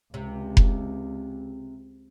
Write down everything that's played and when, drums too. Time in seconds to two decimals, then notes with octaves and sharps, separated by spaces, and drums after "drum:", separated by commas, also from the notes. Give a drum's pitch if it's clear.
0.14 C#2 C3
0.57 drum: kick F1